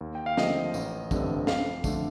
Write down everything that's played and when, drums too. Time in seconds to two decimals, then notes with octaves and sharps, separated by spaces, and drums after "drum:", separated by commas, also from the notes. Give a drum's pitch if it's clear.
0.01 D#2
0.15 G5
0.26 F5
0.37 D3 F3 A3 C4 D#5, drum: snare
0.74 A1, drum: tambourine
1.11 G2 D3 A3 C4, drum: kick, tambourine
1.47 F2 F5, drum: snare
1.84 D3 A3 D4, drum: kick, tambourine